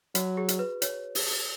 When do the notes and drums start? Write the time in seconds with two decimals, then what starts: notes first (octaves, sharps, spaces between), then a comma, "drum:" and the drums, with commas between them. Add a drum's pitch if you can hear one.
0.15 F#3 F#4, drum: hi-hat
0.37 G#4
0.49 drum: hi-hat
0.59 B4
0.82 C#5, drum: hi-hat
1.15 drum: open hi-hat